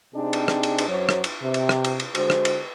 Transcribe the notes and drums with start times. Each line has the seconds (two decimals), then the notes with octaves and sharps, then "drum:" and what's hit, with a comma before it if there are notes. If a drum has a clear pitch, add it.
0.15 C3 C4 D4 D#4 G#4
0.33 drum: cymbal
0.48 drum: rim click
0.63 drum: cymbal
0.78 drum: cymbal
0.89 F#2 F#3 F#4 C5 C#5
1.09 drum: rim click
1.24 drum: cymbal
1.42 C3
1.54 drum: cymbal
1.69 drum: rim click
1.84 drum: cymbal
2.00 drum: cymbal
2.15 D3 G#3 F#4 C5, drum: cymbal
2.30 drum: rim click
2.45 drum: cymbal